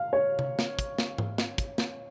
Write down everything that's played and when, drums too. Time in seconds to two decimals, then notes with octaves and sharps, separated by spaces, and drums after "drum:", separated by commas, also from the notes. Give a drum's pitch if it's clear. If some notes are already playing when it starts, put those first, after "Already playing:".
Already playing: F5
0.13 C#5
0.39 drum: tom C3
0.59 drum: snare
0.79 drum: kick, hi-hat
0.99 drum: snare
1.18 drum: tom G#2
1.38 drum: snare
1.58 drum: kick, hi-hat
1.78 drum: snare